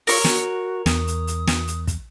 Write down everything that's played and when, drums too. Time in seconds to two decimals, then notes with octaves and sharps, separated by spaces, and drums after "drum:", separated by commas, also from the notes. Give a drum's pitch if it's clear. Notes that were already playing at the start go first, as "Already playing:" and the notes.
0.07 F4 A#4 C#5, drum: open hi-hat
0.24 F#4, drum: snare
0.86 E2 D#6, drum: snare
1.07 drum: hi-hat
1.27 drum: hi-hat
1.47 drum: snare
1.67 drum: hi-hat
1.87 drum: kick, hi-hat